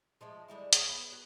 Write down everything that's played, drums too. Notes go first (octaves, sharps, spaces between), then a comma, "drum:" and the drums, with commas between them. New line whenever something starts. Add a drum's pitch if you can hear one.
F3 G#3 A3
D3 G3 G#3 E4
G#4 C#5 G5, drum: hi-hat
B3
F#4